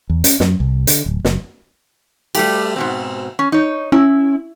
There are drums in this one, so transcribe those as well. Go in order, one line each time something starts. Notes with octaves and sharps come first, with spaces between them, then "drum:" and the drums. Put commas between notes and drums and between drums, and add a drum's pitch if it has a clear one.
E2
C#4, drum: hi-hat
F#2, drum: snare
C2
D3, drum: hi-hat
D1
F#1, drum: snare
G3 A3 G4, drum: cymbal
G#2 B2 C4
C#4
D#4 C#5
C#4 E4